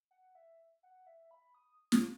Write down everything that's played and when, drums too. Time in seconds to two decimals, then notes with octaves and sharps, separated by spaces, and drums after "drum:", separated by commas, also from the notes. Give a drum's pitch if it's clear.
0.11 F#5
0.35 E5
0.83 F#5
1.07 E5
1.31 B5
1.55 D#6
1.92 drum: snare